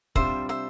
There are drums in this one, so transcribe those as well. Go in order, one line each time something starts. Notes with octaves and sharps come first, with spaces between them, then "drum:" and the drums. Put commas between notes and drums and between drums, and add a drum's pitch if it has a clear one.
C3 G3 D4 F4 C5 E5, drum: kick
C5 E5